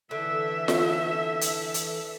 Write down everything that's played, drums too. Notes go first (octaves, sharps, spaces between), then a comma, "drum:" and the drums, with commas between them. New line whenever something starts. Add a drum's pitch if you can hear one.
D3 E3 A4 E5
drum: snare F4
drum: hi-hat
drum: hi-hat